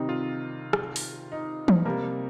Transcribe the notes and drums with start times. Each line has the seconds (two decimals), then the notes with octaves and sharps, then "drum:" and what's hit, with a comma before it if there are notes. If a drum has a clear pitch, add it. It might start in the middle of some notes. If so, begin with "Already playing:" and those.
Already playing: C3 D#3 G3 C4 D#4
0.09 F4
0.73 drum: rim click
0.96 drum: open hi-hat
1.32 D#4
1.68 drum: tom E3
1.85 C3 G3 A#3 F4 A#4